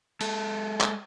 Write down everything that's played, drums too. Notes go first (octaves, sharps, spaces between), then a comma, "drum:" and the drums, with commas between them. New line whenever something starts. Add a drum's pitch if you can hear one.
G#3 A4, drum: cymbal
drum: clap